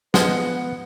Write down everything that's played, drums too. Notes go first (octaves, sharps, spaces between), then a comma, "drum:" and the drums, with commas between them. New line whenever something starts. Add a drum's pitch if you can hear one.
F3 G#3 B3 B4 F#5, drum: snare